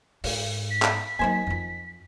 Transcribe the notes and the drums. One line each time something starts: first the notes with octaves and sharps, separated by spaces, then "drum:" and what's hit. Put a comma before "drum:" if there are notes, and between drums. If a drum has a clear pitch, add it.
G#2, drum: open hi-hat
B6
drum: clap
D#3 F#3 A#3 C5 G#5
F2 F4